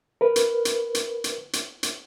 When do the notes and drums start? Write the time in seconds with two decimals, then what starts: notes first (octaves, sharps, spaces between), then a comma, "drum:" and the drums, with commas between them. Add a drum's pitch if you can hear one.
0.21 A#4 B4
0.36 drum: hi-hat
0.65 drum: hi-hat
0.95 drum: hi-hat
1.24 drum: hi-hat
1.53 drum: hi-hat
1.83 drum: hi-hat